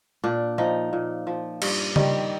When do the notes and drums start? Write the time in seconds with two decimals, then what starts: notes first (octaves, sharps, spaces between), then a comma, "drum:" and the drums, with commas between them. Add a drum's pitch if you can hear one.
0.24 A#2 D4
0.58 F3 D#4
0.93 A#2
1.27 F3
1.62 G2, drum: cymbal
1.96 D#3 G3, drum: tom C#3